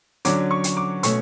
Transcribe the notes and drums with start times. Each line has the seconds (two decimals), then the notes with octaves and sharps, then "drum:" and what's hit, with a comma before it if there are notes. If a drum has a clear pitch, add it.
0.25 D3 F#3 C#4 D6, drum: hi-hat
0.51 C#6
0.64 drum: hi-hat
0.77 D6
1.03 B2 A3 C#4 C#6, drum: hi-hat